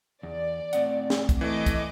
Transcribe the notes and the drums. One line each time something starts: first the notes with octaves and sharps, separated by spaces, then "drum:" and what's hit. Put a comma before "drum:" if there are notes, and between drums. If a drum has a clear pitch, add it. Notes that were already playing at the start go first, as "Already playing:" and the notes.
E2 D5
A2 C4 F#5, drum: hi-hat
drum: snare
drum: kick, hi-hat
E3 A3 D#5 D6
drum: kick, hi-hat